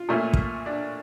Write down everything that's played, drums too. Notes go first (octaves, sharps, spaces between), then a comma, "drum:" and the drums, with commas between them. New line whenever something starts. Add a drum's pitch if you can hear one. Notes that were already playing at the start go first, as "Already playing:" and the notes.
Already playing: F4
A#2 A3 C#4
drum: kick
D4